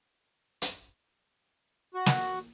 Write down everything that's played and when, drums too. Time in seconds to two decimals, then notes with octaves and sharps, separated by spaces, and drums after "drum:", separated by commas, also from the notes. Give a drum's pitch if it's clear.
0.62 drum: hi-hat
1.94 F#4
2.06 drum: snare